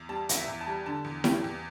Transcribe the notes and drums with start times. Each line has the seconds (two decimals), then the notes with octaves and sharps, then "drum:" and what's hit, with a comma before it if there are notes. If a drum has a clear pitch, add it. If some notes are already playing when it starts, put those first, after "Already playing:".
Already playing: E2
0.09 G3 A5
0.29 E2, drum: hi-hat
0.35 E5
0.48 E2
0.61 A5
0.67 G3
0.86 D3 A5
1.04 E2
1.24 G3 G5, drum: snare E4
1.44 E2